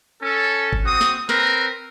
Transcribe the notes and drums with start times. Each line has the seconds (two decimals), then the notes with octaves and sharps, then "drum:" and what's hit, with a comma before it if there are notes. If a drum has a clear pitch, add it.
0.22 C#4 A4
0.73 drum: kick G1
0.85 C4 F#4 D#6
1.01 drum: snare
1.29 C4 A#4 B4, drum: snare